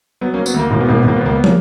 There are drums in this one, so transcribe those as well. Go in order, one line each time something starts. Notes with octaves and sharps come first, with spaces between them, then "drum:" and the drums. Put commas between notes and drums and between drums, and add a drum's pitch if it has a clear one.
F#3 B3
A#3 C#4
F#3
B3, drum: tambourine
D2 A#3
E1 A#3
B3
E1 A#3
B3
E1 A#3
B3
C#2 A#3
B3
A#3, drum: tom